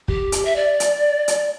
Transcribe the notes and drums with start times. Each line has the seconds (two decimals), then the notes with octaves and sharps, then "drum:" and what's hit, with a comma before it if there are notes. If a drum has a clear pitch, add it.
0.08 G4, drum: kick
0.32 drum: hi-hat
0.45 E5
0.56 D5
0.80 drum: hi-hat
1.28 drum: hi-hat